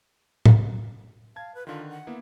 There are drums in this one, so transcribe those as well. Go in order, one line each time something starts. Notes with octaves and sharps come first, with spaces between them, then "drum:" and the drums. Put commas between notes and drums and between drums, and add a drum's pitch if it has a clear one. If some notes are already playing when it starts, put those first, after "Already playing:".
drum: tom
F5 A5 G#6
B4
D3 D#3 F4
F#5
A#3 B3 E4